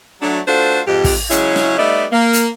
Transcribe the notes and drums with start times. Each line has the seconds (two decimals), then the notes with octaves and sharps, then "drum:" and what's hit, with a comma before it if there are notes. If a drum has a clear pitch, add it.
0.21 F#3 A3 D4
0.47 A3 D4 F4 F#4 A4 C5
0.86 F2 G#2 G4
1.04 drum: kick, open hi-hat
1.30 C#3 F#3 G#3 C#4 E4, drum: hi-hat
1.56 drum: snare
1.78 G3 A3 B3 D#4 D5 E5
2.12 A#3
2.33 drum: hi-hat